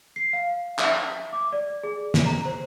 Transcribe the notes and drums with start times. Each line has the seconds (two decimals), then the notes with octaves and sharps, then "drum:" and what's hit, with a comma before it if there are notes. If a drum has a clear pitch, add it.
0.16 C7
0.33 F5
0.79 E5, drum: clap
1.33 D6
1.53 D5
1.84 G#4
2.14 drum: snare
2.26 A#5
2.45 C5